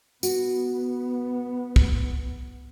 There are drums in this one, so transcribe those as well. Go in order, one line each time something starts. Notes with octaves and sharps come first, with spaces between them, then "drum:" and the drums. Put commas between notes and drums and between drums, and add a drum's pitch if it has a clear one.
B3 F#4, drum: tambourine
drum: kick